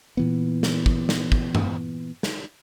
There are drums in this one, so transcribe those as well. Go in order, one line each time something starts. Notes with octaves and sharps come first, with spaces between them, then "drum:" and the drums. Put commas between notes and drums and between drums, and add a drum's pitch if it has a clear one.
A#2 E3 B3
drum: snare
drum: kick
drum: snare
drum: kick
drum: tom G2
drum: snare